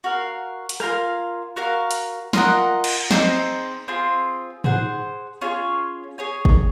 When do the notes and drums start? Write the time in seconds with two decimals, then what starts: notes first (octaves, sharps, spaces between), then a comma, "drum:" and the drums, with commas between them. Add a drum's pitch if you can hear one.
0.04 F#4 A#4 F5
0.69 drum: hi-hat
0.80 F4 A#4 F5 G#5, drum: rim click
1.56 F#4 A#4 F5
1.91 drum: hi-hat
2.33 F4 A#4 D#5 F#5, drum: snare
2.84 drum: cymbal
3.11 C4 D#4 G#4 C5, drum: snare
3.88 C4 F4 G#4
4.64 G#4 C5 F#5, drum: tom G#2
5.41 C#4 F4 G#4 C#5
6.18 G#4 C#5 G#5
6.45 drum: kick